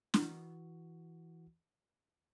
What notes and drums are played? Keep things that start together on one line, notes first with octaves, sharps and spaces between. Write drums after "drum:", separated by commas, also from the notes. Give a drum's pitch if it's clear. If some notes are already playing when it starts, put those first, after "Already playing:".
E3 F#4, drum: snare